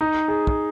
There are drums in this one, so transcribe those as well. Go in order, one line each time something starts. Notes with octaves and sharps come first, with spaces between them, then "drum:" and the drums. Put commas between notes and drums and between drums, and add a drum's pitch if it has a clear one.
D#4
G#4
drum: kick